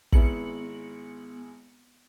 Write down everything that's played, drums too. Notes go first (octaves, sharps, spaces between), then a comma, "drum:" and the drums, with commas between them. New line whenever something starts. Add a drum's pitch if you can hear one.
G#1 G#3 B3 E4 C#7 F#7, drum: kick